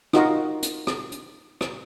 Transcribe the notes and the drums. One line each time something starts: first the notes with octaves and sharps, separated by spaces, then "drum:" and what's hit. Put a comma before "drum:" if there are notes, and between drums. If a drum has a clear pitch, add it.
D#4 F4 F#4 A#4 D#5, drum: rim click
drum: hi-hat
drum: rim click
drum: hi-hat
drum: rim click